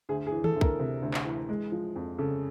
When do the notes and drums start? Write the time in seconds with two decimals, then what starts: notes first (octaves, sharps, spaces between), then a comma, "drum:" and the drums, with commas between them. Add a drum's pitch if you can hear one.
0.09 D2 G#4
0.27 G#4
0.32 E3
0.44 A4, drum: tom D#3
0.56 D2
0.61 A#4, drum: kick
0.79 C3
1.02 D2
1.14 drum: clap
1.25 E3
1.49 G#3
1.72 F3
1.96 F2
2.18 C#3 A4